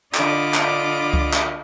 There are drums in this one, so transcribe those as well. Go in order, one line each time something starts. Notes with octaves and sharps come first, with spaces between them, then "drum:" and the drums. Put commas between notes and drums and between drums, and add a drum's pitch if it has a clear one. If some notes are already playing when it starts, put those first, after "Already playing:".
D3 D4 F4 D#5 B5 D6, drum: clap
drum: clap
drum: kick C#2
drum: clap